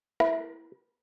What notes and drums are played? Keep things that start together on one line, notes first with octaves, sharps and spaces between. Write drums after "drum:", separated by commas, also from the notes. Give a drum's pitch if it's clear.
E4, drum: rim click